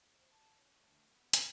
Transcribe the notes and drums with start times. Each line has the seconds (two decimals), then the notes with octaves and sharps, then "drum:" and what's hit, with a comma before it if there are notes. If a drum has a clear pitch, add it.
0.14 E4 C5
0.32 A5
0.60 C#5 G#5
0.80 A3 D4
1.14 B3
1.33 C4 F4, drum: hi-hat